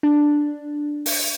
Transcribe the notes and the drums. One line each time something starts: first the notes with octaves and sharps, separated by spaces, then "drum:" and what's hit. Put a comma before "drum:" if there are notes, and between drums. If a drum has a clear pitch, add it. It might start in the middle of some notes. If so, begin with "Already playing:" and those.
D4
drum: open hi-hat